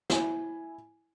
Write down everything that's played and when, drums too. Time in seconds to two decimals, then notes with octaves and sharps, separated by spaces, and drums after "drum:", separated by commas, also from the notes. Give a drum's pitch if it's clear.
0.10 E4 G#5, drum: snare